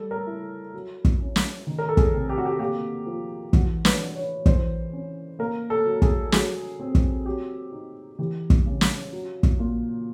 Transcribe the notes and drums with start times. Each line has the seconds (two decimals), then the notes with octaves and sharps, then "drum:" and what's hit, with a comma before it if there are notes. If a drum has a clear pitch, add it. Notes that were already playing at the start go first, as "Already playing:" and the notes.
Already playing: G3 A4
0.11 A#4
0.27 E4
0.74 F#3
1.05 drum: kick
1.20 C#4
1.36 drum: snare
1.67 D#3
1.78 A#4
1.89 A4
1.97 G#4, drum: kick
2.13 C3
2.29 G4
2.38 F#4
2.45 G4
2.59 A#3 G4
3.06 F3
3.53 E3 F#4, drum: kick
3.85 B4, drum: snare
4.00 D4
4.16 C#5
4.46 E3 C5, drum: kick
4.93 C#4
5.39 A#3 A#4
5.70 A4
5.86 F#3
6.02 G#4, drum: kick
6.32 F#3 G#4, drum: snare
6.80 C4
6.95 drum: kick
7.25 F#3 G4
7.72 D#4
8.19 E3 G4
8.50 drum: kick
8.66 C#3
8.81 drum: snare
9.12 F#3
9.43 drum: kick
9.59 A#2